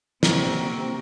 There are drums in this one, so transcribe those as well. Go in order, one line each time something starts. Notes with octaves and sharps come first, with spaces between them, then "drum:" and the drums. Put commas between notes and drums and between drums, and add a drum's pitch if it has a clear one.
C3 A#3 C4 F#4 A#4, drum: snare